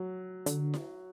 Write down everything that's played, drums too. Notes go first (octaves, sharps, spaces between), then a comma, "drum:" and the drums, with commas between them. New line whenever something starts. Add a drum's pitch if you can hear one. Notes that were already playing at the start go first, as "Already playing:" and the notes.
Already playing: F#3
D3, drum: hi-hat
drum: snare E4